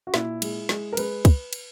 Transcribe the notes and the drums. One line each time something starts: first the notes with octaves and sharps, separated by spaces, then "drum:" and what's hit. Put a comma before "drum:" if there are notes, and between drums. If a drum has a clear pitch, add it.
F#4
A#2 E4, drum: snare
G#3, drum: cymbal
G#3, drum: snare
A#4
G#3 B4, drum: cymbal
drum: kick, cymbal
drum: cymbal